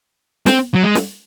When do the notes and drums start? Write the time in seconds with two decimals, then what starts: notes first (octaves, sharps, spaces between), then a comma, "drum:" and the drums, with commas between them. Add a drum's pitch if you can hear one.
0.46 C4, drum: snare
0.75 F#3
0.83 G#3
0.95 drum: snare